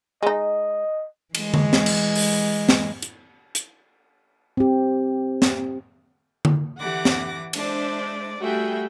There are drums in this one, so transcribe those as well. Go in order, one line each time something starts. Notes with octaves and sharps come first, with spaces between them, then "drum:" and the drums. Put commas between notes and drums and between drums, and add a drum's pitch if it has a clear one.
G#3 D#4 D#5
E3 G#3, drum: cymbal
drum: tom D3
drum: snare
drum: cymbal
drum: open hi-hat
drum: snare
drum: hi-hat
drum: hi-hat
C4 G4
drum: snare
drum: tom D3
D3 E3 G4 F#5 D6 A#6
drum: snare
G#3 D4 C5 D5 E5, drum: cymbal
G3 A3 F#4 G#4 A4 E5 G5